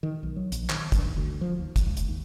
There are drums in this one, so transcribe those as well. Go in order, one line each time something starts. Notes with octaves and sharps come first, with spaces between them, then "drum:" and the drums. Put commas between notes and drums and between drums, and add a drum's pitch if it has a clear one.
D#3
B1
F#3
A#1, drum: hi-hat
D#3, drum: clap
G2, drum: kick, hi-hat
D#2
D2
F3
D#2
drum: kick, hi-hat
C#2
drum: hi-hat
D#2